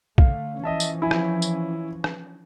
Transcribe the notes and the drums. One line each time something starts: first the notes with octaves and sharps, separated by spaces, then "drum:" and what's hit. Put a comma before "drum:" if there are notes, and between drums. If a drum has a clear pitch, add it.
D3 A3 F5, drum: kick B1
E3 F3 C#4 D#5 E5 A5
drum: tambourine
E4 G#5
drum: rim click
drum: tambourine
drum: rim click